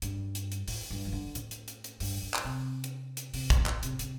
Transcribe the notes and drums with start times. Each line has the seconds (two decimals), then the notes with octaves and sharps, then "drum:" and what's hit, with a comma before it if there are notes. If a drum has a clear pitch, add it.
0.02 G2, drum: hi-hat
0.35 drum: hi-hat
0.52 drum: hi-hat
0.68 A2, drum: open hi-hat
0.91 G2
1.05 F3
1.12 D3
1.35 A2, drum: hi-hat
1.51 drum: hi-hat
1.68 drum: hi-hat
1.84 drum: hi-hat
2.00 G2, drum: open hi-hat
2.22 G2
2.34 drum: clap
2.45 C3
2.84 drum: hi-hat
3.17 drum: hi-hat
3.34 C3, drum: open hi-hat
3.50 A2, drum: kick, hi-hat
3.66 A2, drum: clap
3.83 C3, drum: hi-hat
3.99 C3, drum: hi-hat